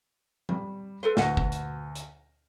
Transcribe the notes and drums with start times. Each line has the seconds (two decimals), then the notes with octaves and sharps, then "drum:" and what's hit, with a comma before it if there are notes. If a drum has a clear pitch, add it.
0.49 G3, drum: tom F3
1.03 A4 B4 C5
1.17 D2 F#4 B4 F#5 A#6, drum: snare
1.37 drum: kick
1.52 drum: hi-hat
1.95 drum: hi-hat